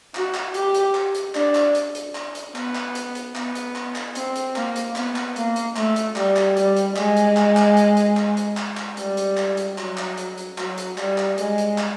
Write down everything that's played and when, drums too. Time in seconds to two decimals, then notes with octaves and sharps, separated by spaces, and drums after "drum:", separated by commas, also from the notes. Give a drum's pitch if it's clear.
0.15 F#4, drum: clap
0.34 drum: clap
0.54 G4, drum: hi-hat
0.74 drum: hi-hat
0.95 drum: clap
1.15 drum: hi-hat
1.35 D4, drum: clap
1.55 drum: clap
1.75 drum: hi-hat
1.95 drum: hi-hat
2.15 drum: clap
2.35 drum: hi-hat
2.56 B3, drum: clap
2.75 drum: clap
2.95 drum: hi-hat
3.15 drum: hi-hat
3.35 B3, drum: clap
3.55 drum: hi-hat
3.75 drum: clap
3.96 drum: clap
4.15 C4, drum: hi-hat
4.36 drum: hi-hat
4.56 A#3, drum: clap
4.76 drum: hi-hat
4.96 B3, drum: clap
5.16 drum: clap
5.36 A#3, drum: hi-hat
5.56 drum: hi-hat
5.76 A3, drum: clap
5.96 drum: hi-hat
6.16 G3, drum: clap
6.36 drum: clap
6.57 G3, drum: hi-hat
6.76 drum: hi-hat
6.96 G#3, drum: clap
7.17 drum: hi-hat
7.37 drum: clap
7.57 drum: clap
7.77 drum: hi-hat
7.97 drum: hi-hat
8.17 drum: clap
8.37 drum: hi-hat
8.57 drum: clap
8.77 drum: clap
8.97 G3, drum: hi-hat
9.17 drum: hi-hat
9.37 drum: clap
9.57 drum: hi-hat
9.78 F#3, drum: clap
9.97 drum: clap
10.18 drum: hi-hat
10.38 drum: hi-hat
10.58 F#3, drum: clap
10.78 drum: hi-hat
10.98 G3, drum: clap
11.18 drum: clap
11.38 G#3, drum: hi-hat
11.58 drum: hi-hat
11.78 drum: clap